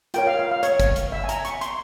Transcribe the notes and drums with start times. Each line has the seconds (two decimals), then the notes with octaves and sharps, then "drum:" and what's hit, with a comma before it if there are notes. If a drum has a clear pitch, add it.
0.14 F4 A#4 C#5 G5, drum: hi-hat
0.27 F5
0.39 F5
0.51 F5
0.63 C#5, drum: hi-hat
0.80 drum: kick, hi-hat
0.96 drum: hi-hat
1.12 E5
1.24 G#5
1.29 A#5, drum: hi-hat
1.45 C#6, drum: hi-hat
1.61 C6, drum: hi-hat